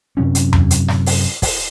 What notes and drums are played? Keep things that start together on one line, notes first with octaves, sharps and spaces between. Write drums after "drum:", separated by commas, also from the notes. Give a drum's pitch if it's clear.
F#2 C3 F#3 C#4
drum: hi-hat
drum: tom E2
drum: hi-hat
drum: snare
drum: open hi-hat
drum: kick, open hi-hat